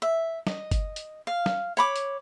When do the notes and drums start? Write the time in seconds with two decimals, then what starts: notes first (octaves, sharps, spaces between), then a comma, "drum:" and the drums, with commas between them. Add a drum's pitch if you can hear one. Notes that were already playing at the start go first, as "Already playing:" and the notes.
0.02 E5
0.47 D#5, drum: snare
0.71 drum: kick, hi-hat
0.96 drum: hi-hat
1.27 F5
1.46 drum: snare
1.77 C#5 B5 D6
1.96 drum: hi-hat